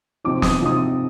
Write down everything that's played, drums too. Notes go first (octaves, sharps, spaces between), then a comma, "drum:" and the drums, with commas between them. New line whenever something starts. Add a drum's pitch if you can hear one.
C3 F3 C4 D#4 D6
D#6, drum: snare
C3 F3 C4 D#4 D#6